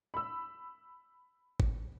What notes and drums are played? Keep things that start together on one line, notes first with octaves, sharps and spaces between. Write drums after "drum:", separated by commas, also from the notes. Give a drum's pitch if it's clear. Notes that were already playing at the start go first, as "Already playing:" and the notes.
B5 E6
drum: kick